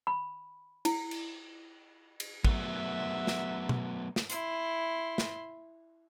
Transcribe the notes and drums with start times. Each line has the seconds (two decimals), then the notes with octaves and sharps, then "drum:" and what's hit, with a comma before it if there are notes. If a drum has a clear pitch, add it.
0.07 B5
0.85 E4, drum: cymbal
1.11 drum: cymbal
2.20 drum: cymbal
2.45 F#3 A3 B3 E5 F#5, drum: kick
3.27 drum: snare
3.69 drum: tom B2
4.16 drum: snare
4.30 E4 C6, drum: hi-hat
5.18 drum: snare